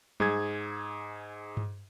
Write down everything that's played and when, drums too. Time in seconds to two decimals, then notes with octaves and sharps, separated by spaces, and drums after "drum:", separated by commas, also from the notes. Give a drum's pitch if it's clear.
0.20 G#2 G#4 G#6, drum: tom
1.57 drum: tom G2